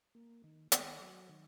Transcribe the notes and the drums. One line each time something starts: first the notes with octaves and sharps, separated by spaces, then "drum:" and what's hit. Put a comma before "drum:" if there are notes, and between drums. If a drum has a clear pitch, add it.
A#3
D#3
D#3, drum: hi-hat
F#3
D#3